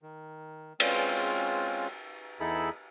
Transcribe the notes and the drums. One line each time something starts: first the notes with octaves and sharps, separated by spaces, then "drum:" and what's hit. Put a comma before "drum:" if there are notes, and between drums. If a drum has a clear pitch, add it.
D#3
G#3 C4 C#4 F4, drum: cymbal
E2 D#4 E4 G#4 A4 B5